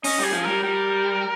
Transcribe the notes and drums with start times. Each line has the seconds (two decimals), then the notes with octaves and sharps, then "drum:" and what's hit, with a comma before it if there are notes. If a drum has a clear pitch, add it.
0.04 C#4 D#5, drum: open hi-hat
0.19 G3 G#4
0.33 F3
0.44 G3 A#4
0.63 G3 A#4